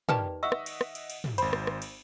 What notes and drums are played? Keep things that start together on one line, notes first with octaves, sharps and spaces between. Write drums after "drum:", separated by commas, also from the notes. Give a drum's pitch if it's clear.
D#3 G4 B4 D5 A5, drum: tom
D#5 E5 F#5 C#6 E6
drum: rim click
drum: cymbal
drum: rim click
drum: cymbal
drum: cymbal
drum: tom
G#1 C5 B5, drum: cymbal
drum: rim click
drum: rim click
drum: cymbal